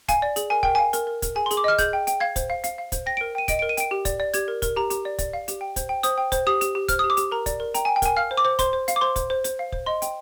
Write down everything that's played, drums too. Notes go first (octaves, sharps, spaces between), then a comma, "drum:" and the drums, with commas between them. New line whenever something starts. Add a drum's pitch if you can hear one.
F5 G#5, drum: kick, hi-hat
D5
G#4, drum: hi-hat
A#4 G#5
A#4 G5, drum: kick
F5 G#5
A#4, drum: hi-hat
A#4
A#4, drum: kick, hi-hat
G#4 G#5
C6
G#4, drum: hi-hat
D6
D#5 F6
G#4 G6, drum: kick, hi-hat
G5
G5, drum: hi-hat
F5 G#6
C5, drum: kick, hi-hat
F5
F5, drum: hi-hat
F5
C5, drum: kick, hi-hat
G5 A#6
A#4 D7
G5 D#7
D#5 D7, drum: kick, hi-hat
A#4 D7
D#7
G5 D7, drum: hi-hat
G4
D5, drum: kick, hi-hat
D5
G4 G#6, drum: hi-hat
A#4
A#4, drum: kick, hi-hat
G4 A#5
G4, drum: hi-hat
D5
D5, drum: kick, hi-hat
F5
G4, drum: hi-hat
G5
C5, drum: kick, hi-hat
G5
C5 D#6, drum: hi-hat
G5
C5, drum: kick, hi-hat
G4 D#6
G4, drum: hi-hat
G4
C5 F6, drum: kick, hi-hat
D#6
G4
D6
G4, drum: hi-hat
A#4 A#5
D5, drum: kick, hi-hat
A#4
G5 A#5, drum: hi-hat
G5 G#5
G5
A#4 G#5, drum: kick, hi-hat
F5 F6
C5
D6
C5
C5 C6, drum: kick, hi-hat
C5
F5, drum: hi-hat
D6
C5 C6
C5, drum: kick, hi-hat
C5
C5, drum: hi-hat
F5
C5, drum: kick
D#5 C6
G5, drum: hi-hat